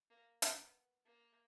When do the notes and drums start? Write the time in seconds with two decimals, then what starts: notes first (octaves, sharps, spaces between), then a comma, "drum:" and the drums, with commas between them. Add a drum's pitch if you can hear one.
0.10 A#3
0.42 B3, drum: hi-hat
1.06 A#3